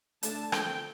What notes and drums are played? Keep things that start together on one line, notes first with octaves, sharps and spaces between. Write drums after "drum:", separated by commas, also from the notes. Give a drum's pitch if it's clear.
D3 A3 D4 A5, drum: hi-hat
D3 F3 C4 G5, drum: rim click